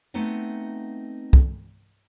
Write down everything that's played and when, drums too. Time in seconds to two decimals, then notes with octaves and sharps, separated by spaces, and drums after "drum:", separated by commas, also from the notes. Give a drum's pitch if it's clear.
0.14 A3 B3 C4 D#4 F#5
1.33 drum: kick